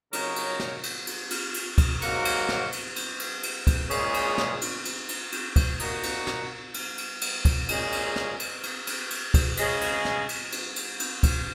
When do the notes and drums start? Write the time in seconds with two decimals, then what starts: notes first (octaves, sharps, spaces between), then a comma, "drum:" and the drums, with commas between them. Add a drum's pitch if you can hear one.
0.13 C#3 F#3 D#4 A#4 C#5, drum: cymbal
0.36 drum: cymbal
0.60 drum: snare
0.83 drum: cymbal
1.07 drum: cymbal
1.31 drum: cymbal
1.54 drum: cymbal
1.78 drum: kick, cymbal
2.02 G#2 F#3 A#3 F#4 A#4, drum: cymbal
2.25 drum: cymbal
2.49 drum: snare
2.72 drum: cymbal
2.96 drum: cymbal
3.20 drum: cymbal
3.43 drum: cymbal
3.67 drum: kick, cymbal
3.91 A#2 G#3 C#4 G#4, drum: cymbal
4.14 drum: cymbal
4.38 drum: snare
4.61 drum: cymbal
4.85 drum: cymbal
5.09 drum: cymbal
5.32 drum: cymbal
5.56 drum: kick, cymbal
5.79 A#2 A#3 D#4 F#4 A#4, drum: cymbal
6.03 drum: cymbal
6.27 drum: snare
6.74 drum: cymbal
6.98 drum: cymbal
7.21 drum: cymbal
7.45 drum: kick, cymbal
7.69 A#2 G#3 C#4 G#4, drum: cymbal
7.92 drum: cymbal
8.16 drum: snare
8.40 drum: cymbal
8.63 drum: cymbal
8.87 drum: cymbal
9.10 drum: cymbal
9.34 drum: kick, cymbal
9.57 C#3 G#3 C#4 G#4, drum: cymbal
9.81 drum: cymbal
10.05 drum: snare
10.29 drum: cymbal
10.52 drum: cymbal
10.76 drum: cymbal
11.00 drum: cymbal
11.23 drum: kick, cymbal